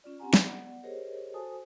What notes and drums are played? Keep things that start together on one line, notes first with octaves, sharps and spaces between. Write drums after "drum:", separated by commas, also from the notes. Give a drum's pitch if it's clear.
C#4 F4 D5
C4 C#4 G4 F#5 G#5 A#5
B3 D5 F#5, drum: snare
G4 G#4 A#4 C5 C#5 D#5
F#4 A4 C5 G#5 A5 D#6